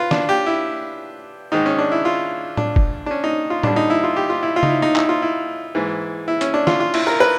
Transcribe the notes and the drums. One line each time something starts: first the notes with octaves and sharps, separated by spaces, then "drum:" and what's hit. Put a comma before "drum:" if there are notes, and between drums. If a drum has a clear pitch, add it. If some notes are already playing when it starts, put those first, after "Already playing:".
Already playing: F4 B4
D4, drum: snare
G4
E4
G#2 D#3 D#4
C#4
D4
E4
F4
D4, drum: tom A2
drum: kick
D4
C#4
D#4
F4
G2 D3 D4, drum: tom A2
D#4
E4
F4
G4
F4
E4
F4
D#4, drum: tom C#3
E4
D#4
E4, drum: clap
F4
E4
G#2 E3
E4
C#4, drum: hi-hat
D4
F4, drum: snare
F4
E4, drum: cymbal
A#4
B4